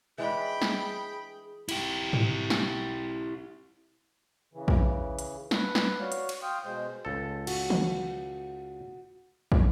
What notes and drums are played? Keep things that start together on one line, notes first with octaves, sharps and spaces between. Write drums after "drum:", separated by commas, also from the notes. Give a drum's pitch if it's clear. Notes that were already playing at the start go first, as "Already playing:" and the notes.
E3 G#3 D4 G#4 G5 B5
drum: snare
E4 G4, drum: cymbal
drum: tom G#2
drum: snare
C#3 E3
drum: kick
drum: hi-hat
B4, drum: snare
drum: snare
F#4 C#5 D5 F5
drum: hi-hat
drum: cymbal
F5 G5 C6 D#6
B2 G#3 C5 G6
C#2 A4
F#4, drum: cymbal
drum: tom D#3
drum: kick